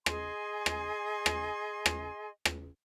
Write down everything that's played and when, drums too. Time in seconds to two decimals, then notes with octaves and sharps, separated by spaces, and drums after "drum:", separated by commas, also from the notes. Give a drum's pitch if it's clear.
0.06 G#4 D#5 G#5 C6, drum: rim click
0.66 drum: rim click
1.26 drum: rim click
1.86 drum: rim click
2.45 drum: rim click